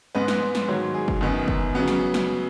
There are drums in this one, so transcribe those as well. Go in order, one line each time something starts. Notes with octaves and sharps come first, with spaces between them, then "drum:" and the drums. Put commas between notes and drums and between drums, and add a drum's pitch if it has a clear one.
G#2 G#3 B3 B4
drum: snare
drum: snare
G#2 D#3 F#3 C#5
G#4
drum: kick
F#2 D#3 B3
drum: kick
C#3 F#3 B3
drum: snare
drum: snare